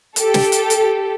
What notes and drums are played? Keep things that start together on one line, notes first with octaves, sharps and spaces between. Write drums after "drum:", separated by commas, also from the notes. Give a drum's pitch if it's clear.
G4 A4, drum: hi-hat
drum: snare
drum: hi-hat
drum: hi-hat